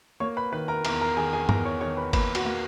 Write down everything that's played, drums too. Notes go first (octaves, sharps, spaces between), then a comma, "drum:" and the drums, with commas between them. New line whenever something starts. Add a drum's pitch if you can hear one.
A#3 C#5 C#6
B4 B5
D#3 B4 B5
A#4 A#5
E2 A#4 A#5, drum: cymbal
A#4 A#5
D#3 G#4 G#5
G#4 G#5
E2 A#4 A#5, drum: tom G2
C#5 C#6
D#3 C#5 C#6
B4 B5
A#3 B4 B5, drum: kick G1, cymbal
F#4 F#5, drum: cymbal
A#3